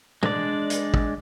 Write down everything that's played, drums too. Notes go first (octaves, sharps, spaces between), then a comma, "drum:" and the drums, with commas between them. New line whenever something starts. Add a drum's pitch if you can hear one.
G#3 D4 D5, drum: tom
drum: hi-hat
drum: kick